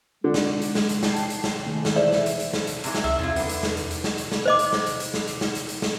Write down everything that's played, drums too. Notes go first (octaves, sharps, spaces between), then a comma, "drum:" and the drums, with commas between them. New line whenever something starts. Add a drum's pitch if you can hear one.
D3 G#3
drum: snare
drum: hi-hat
drum: snare
drum: hi-hat
G5 A5 C7, drum: snare
drum: hi-hat
drum: hi-hat
drum: snare
D#3 G#3 A3
drum: snare
E3 G#4 C5 D5 E5
drum: snare
drum: hi-hat
drum: hi-hat
drum: snare
drum: hi-hat
C3 E3 G#3, drum: hi-hat
drum: snare
C#2 E5
E2 C3 E4 F4
D3 B3, drum: hi-hat
drum: hi-hat
drum: snare
drum: hi-hat
drum: hi-hat
drum: snare
drum: hi-hat
drum: snare
C5 D#5 D6
drum: hi-hat
drum: snare
drum: hi-hat
drum: hi-hat
drum: snare
drum: hi-hat
drum: snare
drum: hi-hat
drum: hi-hat
drum: snare